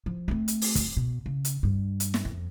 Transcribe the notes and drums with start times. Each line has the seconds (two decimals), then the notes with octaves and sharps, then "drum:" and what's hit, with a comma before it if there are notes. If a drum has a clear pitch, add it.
0.06 F3
0.28 A3 C4
0.48 drum: hi-hat
0.62 drum: open hi-hat
0.75 drum: kick, hi-hat
0.97 B2
1.26 C#3
1.45 drum: hi-hat
1.63 G2
2.00 drum: hi-hat
2.14 drum: snare
2.25 F2